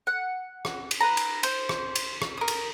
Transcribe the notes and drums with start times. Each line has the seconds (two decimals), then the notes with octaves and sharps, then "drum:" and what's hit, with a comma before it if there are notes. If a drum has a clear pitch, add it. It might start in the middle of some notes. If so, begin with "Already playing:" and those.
0.07 F#5
0.65 drum: rim click
0.91 drum: cymbal
1.01 B4 A#5
1.17 drum: cymbal
1.43 C5, drum: cymbal
1.69 drum: rim click
1.95 drum: cymbal
2.22 drum: rim click
2.38 A#4 D#6
2.48 drum: cymbal